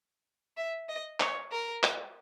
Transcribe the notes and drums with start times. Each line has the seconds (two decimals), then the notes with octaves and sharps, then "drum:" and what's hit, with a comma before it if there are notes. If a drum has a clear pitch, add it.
0.57 E5
0.89 D#5
1.20 C#5, drum: clap
1.52 A#4
1.83 drum: clap